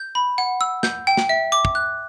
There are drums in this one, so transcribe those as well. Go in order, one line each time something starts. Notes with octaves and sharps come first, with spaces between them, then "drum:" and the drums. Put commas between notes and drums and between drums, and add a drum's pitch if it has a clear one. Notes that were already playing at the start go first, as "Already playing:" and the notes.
Already playing: G6
B5
F#5
E6
G6, drum: snare
G5
drum: snare
E5
D6
drum: kick
F#6